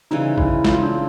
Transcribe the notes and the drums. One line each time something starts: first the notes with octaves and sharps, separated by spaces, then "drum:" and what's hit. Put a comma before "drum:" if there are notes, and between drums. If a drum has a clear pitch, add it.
C#3 E3 G3 C4 D#4
E4, drum: kick A1
F4, drum: snare
D4